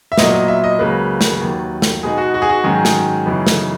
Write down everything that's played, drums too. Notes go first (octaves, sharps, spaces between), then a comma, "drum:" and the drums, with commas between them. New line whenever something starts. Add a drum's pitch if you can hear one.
E5
A#2 F#3 B3 E4 D#5, drum: snare
D#5
E5
D#5
C#2 C#3 F#3 A#3 B4
drum: snare
D#2 D#3 F#3
drum: snare
B2 G#3 B3 D#4 G#4
F#4
F#4
G#4
F#4
G#2 D#3 F#3 C#4 G#4
drum: snare
F#2 C#3 E3 B3 D#4
drum: snare